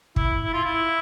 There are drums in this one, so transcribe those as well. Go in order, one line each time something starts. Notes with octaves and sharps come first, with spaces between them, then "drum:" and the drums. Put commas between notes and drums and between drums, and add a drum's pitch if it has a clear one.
E4, drum: kick
E4
F4
E4